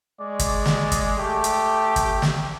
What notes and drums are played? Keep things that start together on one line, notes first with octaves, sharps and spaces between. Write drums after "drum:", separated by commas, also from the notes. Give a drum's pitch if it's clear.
G#3 D5
drum: kick, hi-hat
drum: snare
drum: kick, hi-hat
A3 G4
drum: hi-hat
drum: kick, hi-hat
drum: snare